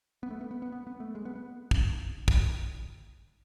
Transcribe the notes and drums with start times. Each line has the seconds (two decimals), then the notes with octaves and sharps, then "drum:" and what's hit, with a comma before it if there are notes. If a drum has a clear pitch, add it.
0.23 B3
0.30 A3
0.41 B3
0.51 B3
0.62 B3
0.72 B3
0.87 B3
1.00 A3
1.15 G#3
1.25 B3
1.36 B3
1.71 drum: kick
2.28 drum: kick